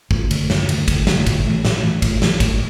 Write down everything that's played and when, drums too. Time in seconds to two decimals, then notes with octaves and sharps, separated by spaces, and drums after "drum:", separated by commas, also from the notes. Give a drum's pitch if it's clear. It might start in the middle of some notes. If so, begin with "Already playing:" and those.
0.11 F#2, drum: kick
0.31 D3 A3, drum: cymbal
0.50 F#2, drum: snare
0.69 D3 A3, drum: cymbal
0.88 F#2, drum: kick, cymbal
1.07 D3 A3, drum: snare
1.27 A2, drum: kick, cymbal
1.46 E3 A3
1.65 A2, drum: snare
1.83 E3 A3
2.02 A2, drum: kick, cymbal
2.22 E3 A3, drum: snare
2.40 A2, drum: kick, cymbal